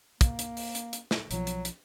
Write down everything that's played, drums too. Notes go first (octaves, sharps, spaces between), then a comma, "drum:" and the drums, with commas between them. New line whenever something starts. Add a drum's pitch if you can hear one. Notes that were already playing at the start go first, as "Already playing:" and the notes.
A#3, drum: kick, hi-hat
drum: hi-hat
drum: open hi-hat
drum: hi-hat
drum: hi-hat
drum: snare
B1 F3 F#3, drum: hi-hat
drum: hi-hat
drum: hi-hat